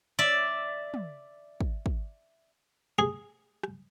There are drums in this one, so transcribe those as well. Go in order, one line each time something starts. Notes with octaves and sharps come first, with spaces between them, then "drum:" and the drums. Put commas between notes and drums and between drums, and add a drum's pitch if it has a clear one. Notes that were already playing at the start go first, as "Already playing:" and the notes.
D5 E5
drum: tom
drum: kick
drum: kick
G#4
drum: rim click